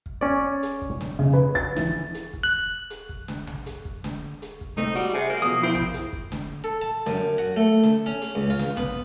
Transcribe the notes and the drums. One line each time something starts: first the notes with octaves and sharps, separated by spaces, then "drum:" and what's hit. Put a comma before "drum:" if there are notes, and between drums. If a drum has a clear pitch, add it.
drum: kick
C#4 D5
drum: hi-hat
drum: kick
drum: snare
C#3
B4
A6, drum: kick
E3, drum: snare
drum: hi-hat
drum: kick
F#6
drum: hi-hat
drum: kick
drum: snare
drum: tom A#1
drum: hi-hat
drum: kick
drum: snare
drum: hi-hat
drum: kick
C2 A3 C4 D#4
G3 F#4
C3 G#4
A#3
E2 B2 F3 D#6
C4 E4
drum: tom A#1
drum: hi-hat
drum: kick
drum: snare
A4
A5
F#2, drum: snare
F#4
A3
drum: snare
C#4
drum: hi-hat
C#2
F4
drum: snare
B3, drum: tom A#1